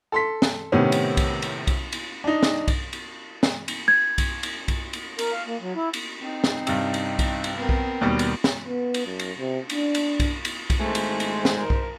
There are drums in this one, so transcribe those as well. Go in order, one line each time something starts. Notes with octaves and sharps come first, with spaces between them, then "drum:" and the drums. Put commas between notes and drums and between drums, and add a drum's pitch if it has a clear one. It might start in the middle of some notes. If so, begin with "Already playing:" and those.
A4 C6 B6
drum: snare
A2 C3 D#3 B3 C#4
drum: cymbal
drum: kick B1, cymbal
drum: cymbal
drum: kick B1, cymbal
drum: cymbal
D4 D#4
drum: snare
drum: kick B1, cymbal
drum: cymbal
drum: snare
drum: cymbal
G#6
drum: kick B1, cymbal
drum: cymbal
drum: kick B1, cymbal
drum: cymbal
A#4, drum: cymbal
F5
A#3
F#3
E4
drum: cymbal
C4 D#4
drum: snare
G2 C3, drum: cymbal
drum: cymbal
drum: kick B1, cymbal
drum: cymbal
B3 C4 A#4
drum: kick B1
D#2 B2 G3
drum: cymbal
drum: snare
B3
drum: cymbal
F#2
drum: cymbal
C3
D4, drum: cymbal
drum: cymbal
drum: kick B1, cymbal
drum: cymbal
drum: kick B1, cymbal
G#1 G#3 A3 D#4 C5
drum: cymbal
drum: cymbal
drum: snare
A#4
drum: kick B1